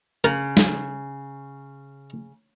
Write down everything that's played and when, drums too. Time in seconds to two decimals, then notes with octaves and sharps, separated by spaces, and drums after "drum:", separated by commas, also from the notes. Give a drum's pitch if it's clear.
0.24 C#3 A#4
0.57 drum: snare